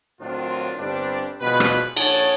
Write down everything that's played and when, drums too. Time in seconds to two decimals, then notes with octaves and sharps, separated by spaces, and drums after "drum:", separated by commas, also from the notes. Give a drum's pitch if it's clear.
0.21 A2 D#3 F#3 C4 D4 F4
0.77 G1 G2 G3 C4 D4
1.41 B2 D3 F3 G#3 B4
1.60 drum: rim click
1.97 A#1 G#4 C#5 F#5 G#5 A5, drum: cymbal